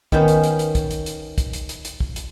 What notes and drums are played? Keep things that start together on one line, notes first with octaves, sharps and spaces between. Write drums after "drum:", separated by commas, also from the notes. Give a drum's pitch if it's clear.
D#3 B3 C#4 C5, drum: kick
drum: hi-hat
drum: hi-hat
drum: hi-hat
drum: kick, hi-hat
drum: hi-hat
drum: hi-hat
drum: kick, hi-hat
drum: hi-hat
drum: hi-hat
drum: hi-hat
drum: kick
drum: hi-hat